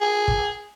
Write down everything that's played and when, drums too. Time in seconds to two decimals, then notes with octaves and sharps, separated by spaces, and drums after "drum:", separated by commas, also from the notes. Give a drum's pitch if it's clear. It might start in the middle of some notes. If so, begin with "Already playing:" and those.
0.01 G#4
0.28 drum: kick